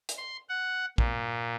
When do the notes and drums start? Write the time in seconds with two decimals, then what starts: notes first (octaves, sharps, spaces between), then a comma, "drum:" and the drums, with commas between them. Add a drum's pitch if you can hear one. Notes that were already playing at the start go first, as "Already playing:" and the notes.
0.09 drum: hi-hat
0.18 C6
0.49 F#5
0.98 A#2, drum: kick